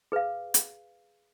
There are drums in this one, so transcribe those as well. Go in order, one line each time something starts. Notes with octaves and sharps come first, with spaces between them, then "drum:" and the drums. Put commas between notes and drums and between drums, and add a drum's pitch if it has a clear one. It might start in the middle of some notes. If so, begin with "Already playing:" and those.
G#4 B4 F5
drum: hi-hat